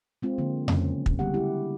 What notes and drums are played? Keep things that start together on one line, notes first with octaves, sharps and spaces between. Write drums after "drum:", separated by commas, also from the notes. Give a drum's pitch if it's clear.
G#3 C4 F4
D3 F3 A#3
C#3 F3 F#3 G#3 A#3 C#4, drum: tom F2
drum: kick
D3 G3 B3 G4 F#5
G#3 E4 G4